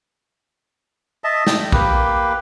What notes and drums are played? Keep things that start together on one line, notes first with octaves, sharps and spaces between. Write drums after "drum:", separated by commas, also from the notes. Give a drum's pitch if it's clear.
D#5 E5 A5
G5, drum: snare
A#3 G4 B4, drum: kick A#1